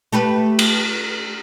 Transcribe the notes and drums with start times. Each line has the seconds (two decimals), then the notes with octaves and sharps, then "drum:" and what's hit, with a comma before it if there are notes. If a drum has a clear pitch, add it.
0.12 A3 G4 B4
0.59 drum: cymbal